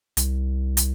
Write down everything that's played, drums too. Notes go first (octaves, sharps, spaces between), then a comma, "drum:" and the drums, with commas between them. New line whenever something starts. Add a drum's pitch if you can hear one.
C2, drum: hi-hat
drum: hi-hat